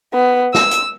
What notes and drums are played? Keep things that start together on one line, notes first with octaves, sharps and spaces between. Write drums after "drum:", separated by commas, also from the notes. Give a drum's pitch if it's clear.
B3
E6, drum: snare
drum: hi-hat